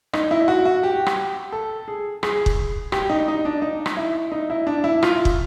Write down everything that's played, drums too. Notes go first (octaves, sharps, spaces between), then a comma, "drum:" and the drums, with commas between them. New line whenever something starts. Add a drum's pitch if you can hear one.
D#4, drum: rim click
E4
F#4
F#4
G4
drum: rim click
A4
G#4
G#4, drum: rim click
drum: kick
G4, drum: rim click
D#4
D#4
D4
D#4
drum: rim click
E4
D#4
E4
D4
E4
F4, drum: rim click
drum: kick